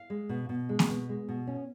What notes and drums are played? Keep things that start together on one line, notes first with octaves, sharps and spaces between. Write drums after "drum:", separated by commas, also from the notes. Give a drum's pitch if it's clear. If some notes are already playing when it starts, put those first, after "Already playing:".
Already playing: F5
G#3
B2
B2
G#3
drum: snare A#3
B2
G#3
B2
C#4